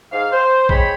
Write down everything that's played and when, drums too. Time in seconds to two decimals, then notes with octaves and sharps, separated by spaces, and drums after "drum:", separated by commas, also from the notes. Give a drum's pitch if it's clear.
0.12 G#2 F5
0.32 C5
0.69 G#3 C4 C5 C#5 B5, drum: kick A#1